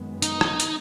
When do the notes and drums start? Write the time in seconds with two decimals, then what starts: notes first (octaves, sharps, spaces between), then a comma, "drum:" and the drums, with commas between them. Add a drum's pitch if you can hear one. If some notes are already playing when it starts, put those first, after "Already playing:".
Already playing: F#2 D#3 G#3 B3
0.22 D#4, drum: hi-hat
0.41 drum: rim click
0.60 drum: hi-hat